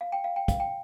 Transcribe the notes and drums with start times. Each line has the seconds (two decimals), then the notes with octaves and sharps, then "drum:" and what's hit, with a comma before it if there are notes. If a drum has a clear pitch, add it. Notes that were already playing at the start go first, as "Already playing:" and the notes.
0.01 F5
0.12 G5
0.24 F5
0.36 G5
0.48 F5, drum: kick, hi-hat
0.60 G5